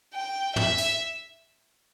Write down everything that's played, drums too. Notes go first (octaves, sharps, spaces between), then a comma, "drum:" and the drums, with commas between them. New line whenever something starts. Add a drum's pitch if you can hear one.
G5
E5, drum: tom
drum: hi-hat